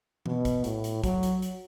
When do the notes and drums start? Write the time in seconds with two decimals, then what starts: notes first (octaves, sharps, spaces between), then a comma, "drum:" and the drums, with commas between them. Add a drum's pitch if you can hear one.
0.26 B2, drum: tom E3
0.45 drum: kick, hi-hat
0.64 A2, drum: hi-hat
0.84 drum: hi-hat
1.04 F#3, drum: kick, hi-hat
1.23 drum: hi-hat
1.42 drum: hi-hat